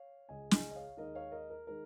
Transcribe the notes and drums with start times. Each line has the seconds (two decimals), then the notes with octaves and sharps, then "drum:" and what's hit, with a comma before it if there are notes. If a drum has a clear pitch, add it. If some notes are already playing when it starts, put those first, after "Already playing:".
Already playing: C#5 F5
0.29 C#2 C#3 G#3 D#5 G#5
0.51 D#5 G#5, drum: snare
0.71 D#5
0.75 C#5 F5
0.97 D#2 D#3 G#3 A#4 D#5
1.15 C#5 F5
1.32 A#4 D#5
1.50 A#4
1.67 D#3 G#3 A#4